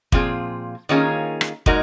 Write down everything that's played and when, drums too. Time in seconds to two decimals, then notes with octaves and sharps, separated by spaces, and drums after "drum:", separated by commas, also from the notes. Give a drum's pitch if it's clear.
0.12 A#2 F3 C4 F4 G#4, drum: kick
0.89 D#3 A#3 C#4 F4 G#4
1.41 drum: rim click
1.66 A#2 G#3 D#4 F#4 A#4, drum: kick